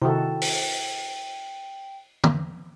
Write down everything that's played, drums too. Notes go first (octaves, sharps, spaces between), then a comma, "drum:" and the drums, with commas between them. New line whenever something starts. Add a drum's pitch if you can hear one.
C3 D#3 E4 F#4 A4 G5
drum: open hi-hat
drum: tom